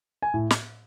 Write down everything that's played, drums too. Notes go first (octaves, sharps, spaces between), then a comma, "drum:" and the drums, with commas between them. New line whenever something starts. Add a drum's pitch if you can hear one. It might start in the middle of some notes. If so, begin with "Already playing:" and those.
G#5
A2
drum: snare